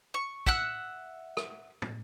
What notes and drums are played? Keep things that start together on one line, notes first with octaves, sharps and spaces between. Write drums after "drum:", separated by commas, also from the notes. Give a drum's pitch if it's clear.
C#6
E5 F#5 E6 F#6, drum: kick
drum: rim click
drum: tom